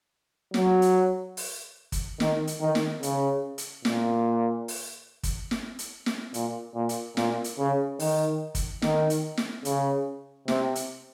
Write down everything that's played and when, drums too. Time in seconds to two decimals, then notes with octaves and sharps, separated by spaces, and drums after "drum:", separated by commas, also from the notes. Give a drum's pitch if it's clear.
0.54 F#3, drum: snare
0.82 drum: hi-hat
1.37 drum: open hi-hat
1.92 drum: kick, hi-hat
2.20 D#3, drum: snare
2.47 drum: hi-hat
2.61 D#3
2.75 drum: snare
3.03 C#3, drum: hi-hat
3.58 drum: hi-hat
3.85 A#2, drum: snare
4.68 drum: open hi-hat
5.23 drum: kick, hi-hat
5.51 drum: snare
5.79 drum: hi-hat
6.06 drum: snare
6.34 A#2, drum: hi-hat
6.75 A#2
6.89 drum: hi-hat
7.17 A#2, drum: snare
7.44 drum: hi-hat
7.59 C#3
7.99 D#3, drum: open hi-hat
8.55 drum: kick, hi-hat
8.82 D#3, drum: snare
9.10 drum: hi-hat
9.37 drum: snare
9.65 C#3, drum: hi-hat
10.48 C3, drum: snare
10.75 drum: hi-hat